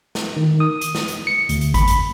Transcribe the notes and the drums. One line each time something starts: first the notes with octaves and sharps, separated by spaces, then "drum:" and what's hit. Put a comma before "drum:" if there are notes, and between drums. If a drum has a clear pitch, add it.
drum: snare
D#3
D#6
drum: hi-hat
drum: snare
drum: hi-hat
C#7
D2, drum: hi-hat
drum: hi-hat
B5, drum: kick G#1, hi-hat
drum: hi-hat